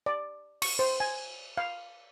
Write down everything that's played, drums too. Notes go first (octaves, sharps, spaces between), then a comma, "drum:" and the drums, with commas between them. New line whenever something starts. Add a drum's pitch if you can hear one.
D5
C#6, drum: cymbal
C5
G#5
F5